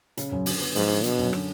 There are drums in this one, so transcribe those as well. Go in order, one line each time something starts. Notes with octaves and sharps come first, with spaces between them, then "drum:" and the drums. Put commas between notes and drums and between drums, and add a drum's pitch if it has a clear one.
C#3, drum: hi-hat
F#2
D3, drum: open hi-hat
B3
G#2 F3, drum: open hi-hat
D3
B2 D3, drum: hi-hat
F#2
D3, drum: rim click